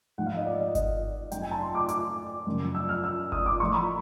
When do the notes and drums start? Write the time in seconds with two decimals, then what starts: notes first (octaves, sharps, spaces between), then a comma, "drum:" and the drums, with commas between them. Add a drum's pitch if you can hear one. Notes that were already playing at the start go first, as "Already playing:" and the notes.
0.18 G#2 F3 F#5
0.26 F5
0.37 D#5
0.46 D5
0.60 D#5
0.75 D#5, drum: kick G1, hi-hat
1.32 F#2 D#3 G5, drum: hi-hat
1.42 G#5
1.51 A5
1.60 C6
1.75 D6
1.89 D6, drum: hi-hat
2.47 F#2 C#3 F3
2.75 E6
2.89 F6
3.04 E6
3.32 D#6, drum: kick G1
3.46 D6
3.60 A2 F3 C#6
3.74 B5